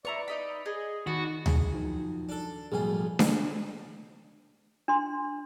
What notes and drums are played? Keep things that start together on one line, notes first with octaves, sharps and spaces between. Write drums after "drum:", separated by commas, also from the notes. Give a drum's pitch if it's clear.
E4 B4 D5 A#5 C#6
D#4 D#5 B5
G#4 D#5
D#3 B3 D4 F#4
G#4, drum: tom D2
D#3 F3 F#3
D4 A4
B1 F2 A2 G3 A#3 F4 G#4 G#5
drum: snare D4
D4 C6